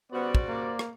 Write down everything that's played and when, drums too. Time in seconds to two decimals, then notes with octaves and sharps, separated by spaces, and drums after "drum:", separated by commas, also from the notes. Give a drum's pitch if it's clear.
0.12 C#3 G3 B3 F#4 C5 D5
0.35 drum: kick
0.48 A#3
0.79 drum: rim click